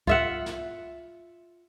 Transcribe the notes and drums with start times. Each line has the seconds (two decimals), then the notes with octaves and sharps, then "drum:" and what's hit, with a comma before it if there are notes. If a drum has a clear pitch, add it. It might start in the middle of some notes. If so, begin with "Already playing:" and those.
0.07 F4 E5 F#5, drum: kick C2
0.46 drum: snare